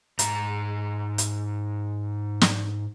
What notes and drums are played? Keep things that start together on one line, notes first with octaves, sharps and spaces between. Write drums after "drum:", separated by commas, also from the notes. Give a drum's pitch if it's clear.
G#2 A#5, drum: hi-hat
drum: hi-hat
drum: snare